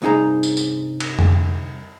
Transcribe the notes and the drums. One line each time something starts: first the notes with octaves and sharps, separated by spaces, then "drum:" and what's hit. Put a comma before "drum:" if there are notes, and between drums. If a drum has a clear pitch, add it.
C2 G2 D#4 G#4 A#5
drum: tambourine
drum: tambourine
drum: cymbal
drum: tom